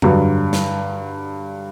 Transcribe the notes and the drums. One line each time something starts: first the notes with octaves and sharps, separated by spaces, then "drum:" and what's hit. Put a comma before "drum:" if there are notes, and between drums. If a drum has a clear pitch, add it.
G2 D3 F#3, drum: tom F2
drum: snare